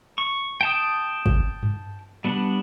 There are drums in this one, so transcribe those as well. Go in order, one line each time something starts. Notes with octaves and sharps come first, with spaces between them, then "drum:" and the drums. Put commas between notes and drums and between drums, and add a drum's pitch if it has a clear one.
C#6
G5 A5 D#6
drum: kick
drum: tom G2
G3 B3 D4